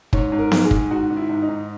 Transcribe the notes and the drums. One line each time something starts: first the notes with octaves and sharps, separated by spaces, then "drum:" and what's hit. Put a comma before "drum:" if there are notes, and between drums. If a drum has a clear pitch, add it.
G#2 C#5, drum: kick
G#2
A#4
G#2, drum: snare B3
G#4
D#3, drum: kick
G#2 F#4
D#3
E4
G#2
D#4
G#2